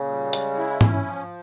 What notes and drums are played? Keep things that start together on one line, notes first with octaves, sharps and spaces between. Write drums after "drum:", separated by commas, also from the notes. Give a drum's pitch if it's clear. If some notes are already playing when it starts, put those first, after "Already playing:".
Already playing: A#2 C#3
G3
G#3, drum: hi-hat
E4
C#4, drum: tom G#2
F3